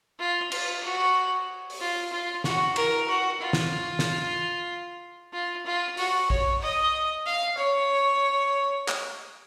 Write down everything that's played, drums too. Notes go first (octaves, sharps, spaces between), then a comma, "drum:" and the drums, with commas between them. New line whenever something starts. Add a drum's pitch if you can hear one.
F4
F4, drum: cymbal
F#4
drum: open hi-hat
F4
F4
F#4, drum: snare
A#4, drum: cymbal
F#4
F4
drum: snare
drum: snare
F4
F4
F#4, drum: open hi-hat
C#5, drum: kick A#1
D#5
F5
C#5
drum: clap